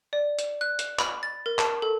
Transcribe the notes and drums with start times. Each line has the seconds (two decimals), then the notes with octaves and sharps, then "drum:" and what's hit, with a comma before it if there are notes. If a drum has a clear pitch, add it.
0.13 D5
0.39 drum: hi-hat
0.61 F#6
0.79 drum: hi-hat
0.99 B5, drum: clap
1.23 A6
1.46 A#4
1.59 A5, drum: clap
1.82 A4